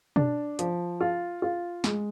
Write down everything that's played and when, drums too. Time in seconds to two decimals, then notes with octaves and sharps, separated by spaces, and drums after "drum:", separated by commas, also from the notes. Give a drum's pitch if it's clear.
0.16 D4, drum: tom B2
0.59 F3, drum: hi-hat
1.01 F4
1.42 F4
1.84 G#3, drum: snare